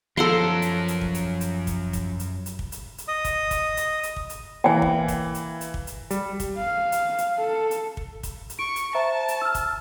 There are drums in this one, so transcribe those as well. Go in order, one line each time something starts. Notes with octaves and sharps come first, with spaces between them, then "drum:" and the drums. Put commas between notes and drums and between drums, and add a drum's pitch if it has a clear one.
F#2 F3 A4 A#4 F#5 C6
drum: hi-hat
drum: hi-hat
drum: kick
drum: hi-hat
drum: hi-hat
drum: kick, hi-hat
drum: kick, hi-hat
drum: hi-hat
drum: hi-hat
drum: kick
drum: hi-hat
drum: hi-hat
D#5 D#6
drum: kick, hi-hat
drum: kick, hi-hat
drum: hi-hat
drum: hi-hat
drum: kick
drum: hi-hat
E3 A#3 G5 G#5
drum: kick
drum: kick, hi-hat
drum: hi-hat
drum: hi-hat
drum: kick
drum: hi-hat
G3, drum: hi-hat
drum: kick, hi-hat
F5
drum: hi-hat
drum: hi-hat
A4
drum: hi-hat
drum: kick
drum: kick, hi-hat
drum: hi-hat
C#6 D7
drum: hi-hat
C5 E5 A5 A#5
drum: hi-hat
E6 F6
drum: kick, hi-hat